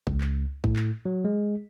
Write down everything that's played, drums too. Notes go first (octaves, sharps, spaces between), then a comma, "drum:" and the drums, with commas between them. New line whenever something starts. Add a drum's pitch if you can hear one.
C#2, drum: kick A1
drum: clap
A2, drum: kick A1
drum: clap
F#3
G#3